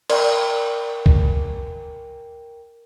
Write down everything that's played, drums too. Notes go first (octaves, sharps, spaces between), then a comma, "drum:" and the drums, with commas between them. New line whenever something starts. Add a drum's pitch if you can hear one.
A#4 D5 G5 C6, drum: cymbal
drum: kick C2